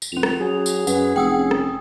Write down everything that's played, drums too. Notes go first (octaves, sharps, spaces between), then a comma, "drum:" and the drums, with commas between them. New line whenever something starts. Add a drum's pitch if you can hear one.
drum: tambourine
F2 C#4 F7
drum: rim click
F#3 G#4
drum: tambourine
F#2 B4 F#5, drum: tambourine
F1 F#5 G5 D#6 E6
C#4
drum: rim click